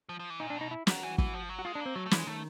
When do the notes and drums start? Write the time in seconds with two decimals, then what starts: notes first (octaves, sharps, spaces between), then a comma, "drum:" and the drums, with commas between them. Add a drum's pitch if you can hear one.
0.09 F3
0.20 F3
0.30 E3
0.40 A#2 D#4
0.50 D4
0.56 B2
0.61 D#4
0.71 E4
0.87 D#3 F#4, drum: snare
1.03 E3
1.18 E3, drum: kick
1.34 F3
1.49 F#3
1.59 F#4
1.65 G#3 F4
1.75 D4
1.80 A#3
1.86 C4
1.95 F#3 A3
2.06 A3
2.11 E3, drum: snare
2.17 G#3
2.27 D#3 A3